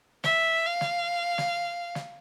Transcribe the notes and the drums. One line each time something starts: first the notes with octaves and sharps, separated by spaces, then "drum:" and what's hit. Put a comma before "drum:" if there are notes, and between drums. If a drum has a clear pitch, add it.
E5, drum: snare
F5
drum: snare
drum: snare
drum: snare